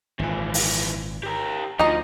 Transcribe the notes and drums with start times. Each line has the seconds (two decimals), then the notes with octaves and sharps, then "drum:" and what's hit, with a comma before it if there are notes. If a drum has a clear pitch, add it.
0.19 G#1 A#2 E3 F3
0.54 drum: open hi-hat
1.23 G4 A#4
1.79 D2 F3 D#4 D#5